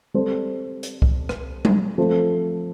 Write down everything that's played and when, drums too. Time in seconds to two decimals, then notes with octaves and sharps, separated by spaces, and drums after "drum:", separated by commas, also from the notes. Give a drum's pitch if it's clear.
0.14 G3 C4 A4 C5
0.83 drum: hi-hat
1.02 drum: kick C2
1.29 drum: rim click
1.65 drum: tom G3
1.98 F3 A3 C4 A4